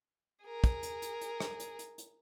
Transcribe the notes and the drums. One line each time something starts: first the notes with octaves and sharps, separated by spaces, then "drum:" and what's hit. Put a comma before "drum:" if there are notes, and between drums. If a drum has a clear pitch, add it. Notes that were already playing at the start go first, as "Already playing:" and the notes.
G#4 A#4
drum: kick, hi-hat
drum: hi-hat
drum: hi-hat
drum: hi-hat
drum: rim click
drum: hi-hat
drum: hi-hat
drum: hi-hat